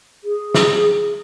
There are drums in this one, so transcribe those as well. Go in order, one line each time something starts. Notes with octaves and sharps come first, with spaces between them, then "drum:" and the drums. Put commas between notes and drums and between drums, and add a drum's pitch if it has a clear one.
G#4
drum: snare